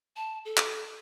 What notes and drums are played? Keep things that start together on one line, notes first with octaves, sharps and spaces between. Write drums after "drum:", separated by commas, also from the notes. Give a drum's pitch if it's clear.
A5
A4
drum: clap